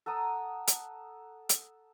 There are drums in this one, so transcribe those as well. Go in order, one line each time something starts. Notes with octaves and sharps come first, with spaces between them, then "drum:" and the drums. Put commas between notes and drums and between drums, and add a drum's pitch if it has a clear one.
A4 F#5 A#5 D#6
drum: hi-hat
drum: hi-hat